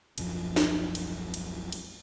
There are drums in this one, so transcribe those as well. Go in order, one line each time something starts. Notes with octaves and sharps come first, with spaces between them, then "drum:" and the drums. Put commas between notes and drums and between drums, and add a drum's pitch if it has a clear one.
D#1 B1 F#2 F3, drum: cymbal
drum: snare
drum: cymbal
drum: cymbal
drum: cymbal